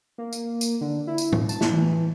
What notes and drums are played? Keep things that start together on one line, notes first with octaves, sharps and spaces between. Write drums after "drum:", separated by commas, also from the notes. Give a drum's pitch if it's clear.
A#3
drum: tambourine
drum: tambourine
D3
E4
drum: tambourine
drum: tom A2
A5, drum: tambourine
drum: snare
E3